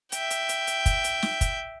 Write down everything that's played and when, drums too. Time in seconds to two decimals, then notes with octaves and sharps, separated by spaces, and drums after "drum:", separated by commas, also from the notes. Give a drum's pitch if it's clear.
0.12 E5 G5, drum: hi-hat
0.30 drum: hi-hat
0.49 drum: hi-hat
0.67 drum: hi-hat
0.86 drum: kick, hi-hat
1.04 drum: hi-hat
1.22 drum: snare
1.41 drum: kick, hi-hat